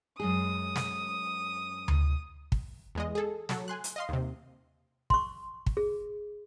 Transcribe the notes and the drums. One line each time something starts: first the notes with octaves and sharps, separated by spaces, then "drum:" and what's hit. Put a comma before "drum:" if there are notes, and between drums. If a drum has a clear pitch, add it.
F#2 G#3 G#4 D#6
drum: snare
drum: tom D2
drum: kick
E2 G#3 D#5
G#4 A4
F#3 A4, drum: snare
G#5 C6 F#6
drum: hi-hat
D#5 F5 C6
D#2 C3
C6 C#6, drum: kick
drum: kick
G#4